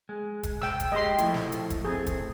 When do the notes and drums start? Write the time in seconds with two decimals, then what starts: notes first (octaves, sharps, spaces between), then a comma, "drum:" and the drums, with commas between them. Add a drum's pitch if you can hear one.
0.09 G#3
0.43 drum: kick E1, hi-hat
0.62 G5 E6, drum: snare
0.80 drum: kick E1, hi-hat
0.92 G#3 G4 D#5 C6
1.18 F3 A3 E4, drum: hi-hat
1.34 drum: snare
1.52 drum: hi-hat
1.70 drum: kick E1, hi-hat
1.84 A3 C4 G#4
2.06 drum: kick E1, hi-hat